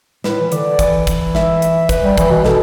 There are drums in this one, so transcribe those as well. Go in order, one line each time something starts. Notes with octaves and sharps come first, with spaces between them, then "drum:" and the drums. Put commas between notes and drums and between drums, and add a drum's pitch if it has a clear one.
A2 B4, drum: snare
E3
D3 D5, drum: hi-hat
E3, drum: kick, hi-hat
drum: kick, hi-hat
E5, drum: snare
drum: hi-hat
B4, drum: kick, hi-hat
G3
E3, drum: kick, hi-hat
B2
B2 A4, drum: snare